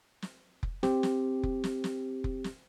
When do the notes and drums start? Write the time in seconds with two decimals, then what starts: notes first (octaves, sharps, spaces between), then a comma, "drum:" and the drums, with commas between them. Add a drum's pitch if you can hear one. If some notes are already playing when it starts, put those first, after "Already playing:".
0.22 drum: snare
0.63 drum: kick F1
0.83 C4 G4, drum: snare
1.03 drum: snare
1.43 drum: kick F1
1.64 drum: snare
1.84 drum: snare
2.24 drum: kick F1
2.44 drum: snare